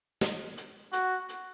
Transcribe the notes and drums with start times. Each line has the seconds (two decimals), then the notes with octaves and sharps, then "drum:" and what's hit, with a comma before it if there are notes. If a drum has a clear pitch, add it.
0.21 drum: snare
0.57 drum: hi-hat
0.93 F#4, drum: hi-hat
1.29 drum: hi-hat